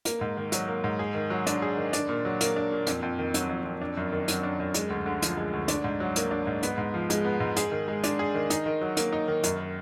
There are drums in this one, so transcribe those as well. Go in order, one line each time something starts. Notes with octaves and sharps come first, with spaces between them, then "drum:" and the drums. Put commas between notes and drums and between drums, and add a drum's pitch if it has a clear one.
A#3, drum: hi-hat
G#2
D#3
F#3, drum: hi-hat
A#3
G#2
G#4
D#3
F#3
D4, drum: hi-hat
G#4
D#3
D4, drum: hi-hat
A#2
F#3
A#3, drum: hi-hat
D4
A#2
F2, drum: hi-hat
F2
D#3
F#3, drum: hi-hat
F2
F2
D4
F#2
D#3
F#3, drum: hi-hat
D4
F#2
G#3, drum: hi-hat
D2
D3
F3, drum: hi-hat
G#3
D2
D4, drum: hi-hat
G#2
F#3
A#3, drum: hi-hat
D4
G#2
B3, drum: hi-hat
G#2
F3
G#3, drum: hi-hat
B3
G#2
G#4, drum: hi-hat
D#3
G#3
D4, drum: hi-hat
G#4
D#3
D#4, drum: hi-hat
D#3
F#3
A#3, drum: hi-hat
D#4
D#3
F#2, drum: hi-hat